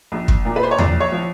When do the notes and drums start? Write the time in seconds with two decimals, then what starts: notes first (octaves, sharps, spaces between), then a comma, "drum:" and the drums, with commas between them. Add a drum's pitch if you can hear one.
0.12 A#1
0.28 drum: kick
0.45 A#2
0.56 B4
0.63 C5
0.71 C#5
0.79 A#1 D5, drum: tom E2
1.00 C#5
1.12 F3